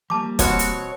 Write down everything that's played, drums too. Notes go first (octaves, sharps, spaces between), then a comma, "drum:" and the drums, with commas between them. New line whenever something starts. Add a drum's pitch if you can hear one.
F3 G3 A#3 A5 D6
B2 C4 F#4 C#5, drum: kick, hi-hat
drum: hi-hat